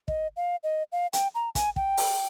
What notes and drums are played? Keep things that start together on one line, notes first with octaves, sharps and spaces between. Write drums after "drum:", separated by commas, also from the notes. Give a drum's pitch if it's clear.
D#5, drum: kick
F5
D#5
F5
G5, drum: hi-hat
A#5
G#5, drum: kick, hi-hat
G5, drum: kick
drum: open hi-hat